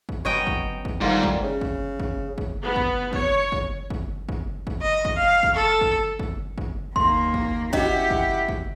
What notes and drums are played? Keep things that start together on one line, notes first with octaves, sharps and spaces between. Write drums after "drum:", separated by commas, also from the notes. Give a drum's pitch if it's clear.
drum: kick
F#3 B3 C#4 C#5 D#5 G5
drum: kick
drum: kick
G#2 D3 D#3 G3 A#3 F4
drum: kick
C#3
drum: kick
drum: kick
drum: kick
B3
drum: kick
C#5, drum: kick
drum: kick
drum: kick
drum: kick
drum: kick
D#5
drum: kick
F5
drum: kick
A4
drum: kick
drum: kick
drum: kick
D#2 A#3 C6, drum: kick
drum: kick
C#4 E4 F#4 G4 D#5 F#5, drum: kick
drum: kick
drum: kick